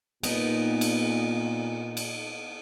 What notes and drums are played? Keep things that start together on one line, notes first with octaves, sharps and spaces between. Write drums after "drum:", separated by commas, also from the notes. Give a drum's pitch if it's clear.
A#2 B3 D#4, drum: cymbal
drum: cymbal
drum: cymbal